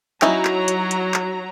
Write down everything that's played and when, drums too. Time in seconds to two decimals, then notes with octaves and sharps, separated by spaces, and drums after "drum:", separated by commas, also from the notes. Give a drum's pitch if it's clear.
0.22 F#3 C#4 D#4 E4 A#5, drum: clap
0.45 drum: clap
0.68 drum: hi-hat
0.91 drum: hi-hat
1.14 drum: clap